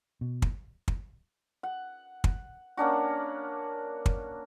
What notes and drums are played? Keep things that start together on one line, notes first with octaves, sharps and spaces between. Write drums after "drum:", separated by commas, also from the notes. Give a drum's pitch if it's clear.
B2
drum: kick
drum: kick
F#5
drum: kick
A#3 C#4 D4 F#4
drum: kick